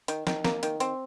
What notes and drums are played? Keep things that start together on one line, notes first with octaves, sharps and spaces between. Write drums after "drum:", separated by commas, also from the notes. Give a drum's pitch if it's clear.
D#3, drum: hi-hat
D#3, drum: snare
A#3, drum: snare
D#3, drum: hi-hat
C4, drum: hi-hat